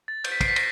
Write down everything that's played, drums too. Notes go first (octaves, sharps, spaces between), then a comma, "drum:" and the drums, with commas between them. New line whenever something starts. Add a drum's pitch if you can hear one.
A6
G6, drum: cymbal
B6
C7, drum: kick, cymbal
B6
A#6, drum: cymbal